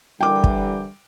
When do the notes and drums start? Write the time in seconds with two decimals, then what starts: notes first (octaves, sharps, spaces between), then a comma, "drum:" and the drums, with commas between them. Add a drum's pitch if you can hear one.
0.21 D3 E3 G3 A#4 G5 D6
0.44 drum: kick